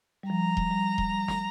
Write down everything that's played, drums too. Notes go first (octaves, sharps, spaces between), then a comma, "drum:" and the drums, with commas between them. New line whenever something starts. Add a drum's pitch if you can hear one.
G3
F3 A#5
drum: kick D#1
G3
drum: kick D#1
G3
drum: snare